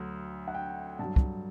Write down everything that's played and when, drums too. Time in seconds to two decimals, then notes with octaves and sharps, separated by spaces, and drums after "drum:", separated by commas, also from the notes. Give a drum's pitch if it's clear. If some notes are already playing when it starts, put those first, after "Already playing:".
Already playing: D2 F#3
0.48 F#5
0.54 G5
0.99 G2 F#3 A5
1.16 drum: kick